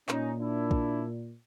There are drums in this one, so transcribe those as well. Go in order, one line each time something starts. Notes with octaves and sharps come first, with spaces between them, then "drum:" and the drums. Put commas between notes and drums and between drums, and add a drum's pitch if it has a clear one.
A#2 C#4 D#4, drum: clap
D4 E4
drum: kick